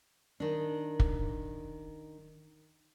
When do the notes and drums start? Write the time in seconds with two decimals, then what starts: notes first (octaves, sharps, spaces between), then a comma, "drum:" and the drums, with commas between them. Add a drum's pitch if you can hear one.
0.40 D#3 D4
1.00 drum: kick